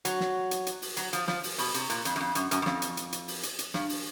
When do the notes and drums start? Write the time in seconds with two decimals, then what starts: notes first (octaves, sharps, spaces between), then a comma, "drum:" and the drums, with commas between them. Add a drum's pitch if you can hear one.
0.05 F#3, drum: hi-hat
0.20 drum: snare
0.51 drum: hi-hat
0.67 drum: hi-hat
0.82 drum: open hi-hat
0.97 F#3, drum: hi-hat
1.13 F3, drum: hi-hat
1.28 F3, drum: snare
1.43 drum: open hi-hat
1.58 B2, drum: open hi-hat
1.74 C3, drum: hi-hat
1.90 A#2, drum: hi-hat
2.05 F2, drum: hi-hat
2.16 F#2
2.20 F2
2.35 F#2, drum: hi-hat
2.51 F#2, drum: hi-hat
2.62 F#2
2.66 F2, drum: snare
2.82 drum: hi-hat
2.97 drum: hi-hat
3.12 drum: hi-hat
3.28 drum: open hi-hat
3.43 drum: hi-hat
3.59 drum: hi-hat
3.74 G2, drum: snare
3.89 drum: open hi-hat